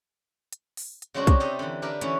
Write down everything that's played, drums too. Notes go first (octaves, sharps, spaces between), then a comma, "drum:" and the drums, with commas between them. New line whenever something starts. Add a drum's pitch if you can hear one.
drum: hi-hat
drum: open hi-hat
drum: hi-hat
C#3 F#3 G#3 C4 D4 F#4
G4, drum: kick, hi-hat
C3 D#4 G4 D#5 E5 A5
D3 E3
D4 G4 A#4 B4 E5
D3 E3 C#4 E4, drum: hi-hat